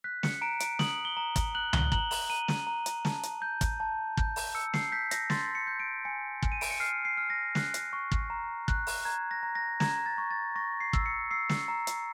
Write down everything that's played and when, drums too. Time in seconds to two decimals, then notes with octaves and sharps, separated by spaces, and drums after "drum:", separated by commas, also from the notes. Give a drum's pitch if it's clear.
0.04 F#6 B6
0.23 C#7, drum: snare
0.42 A#5 D7
0.60 D7, drum: hi-hat
0.79 D#6 F#7, drum: snare
1.05 G7
1.17 A#5
1.36 drum: kick, hi-hat
1.55 F#6 F#7
1.73 G7, drum: tom C#2
1.92 A#5 F#7, drum: kick
2.11 F#7, drum: open hi-hat
2.29 A#5 D#7
2.48 drum: snare
2.67 A#5
2.86 drum: hi-hat
3.05 A5, drum: snare
3.23 drum: hi-hat
3.42 G6
3.61 drum: kick, hi-hat
3.80 A5
4.17 G6, drum: kick
4.36 drum: open hi-hat
4.55 E6 C#7
4.74 C7, drum: snare
4.92 G6 B6
5.11 A#6, drum: hi-hat
5.30 C6 A6, drum: snare
5.55 C#7
5.67 G6
5.80 D7
6.05 G#5 C#7
6.42 G#5, drum: kick
6.52 D#7
6.61 D7, drum: open hi-hat
6.71 C#7
6.80 F6 C7
7.05 C7
7.17 F6
7.30 A#6
7.55 F#6 C7, drum: snare
7.74 drum: hi-hat
7.93 C#6
8.12 drum: kick
8.30 A#5
8.68 F#6, drum: kick
8.87 drum: open hi-hat
9.05 A#5 G#6
9.31 A#6
9.43 A#5
9.55 A#6
9.80 A#5 G#6, drum: snare
10.06 A6
10.18 C#6
10.31 A6
10.56 C#6 A#6
10.81 C7
10.93 E6, drum: kick
11.06 C#7
11.31 E6 C7
11.49 drum: snare
11.68 A#5
11.87 drum: hi-hat